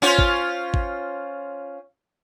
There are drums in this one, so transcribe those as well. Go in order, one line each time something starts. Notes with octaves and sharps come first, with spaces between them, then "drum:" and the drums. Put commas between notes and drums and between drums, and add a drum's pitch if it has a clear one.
C#4 F4 C5
drum: kick
drum: kick